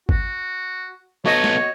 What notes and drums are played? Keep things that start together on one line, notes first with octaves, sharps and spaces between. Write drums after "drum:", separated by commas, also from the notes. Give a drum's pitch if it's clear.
F#4, drum: kick
B3 F#4 A4 C#5 D#5
drum: snare